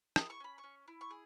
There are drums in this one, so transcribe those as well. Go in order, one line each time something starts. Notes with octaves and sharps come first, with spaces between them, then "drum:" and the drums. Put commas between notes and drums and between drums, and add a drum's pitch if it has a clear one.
E4 D#6, drum: rim click
C#6
C#4 B5
C#6
C#4
E4
C#6
G#4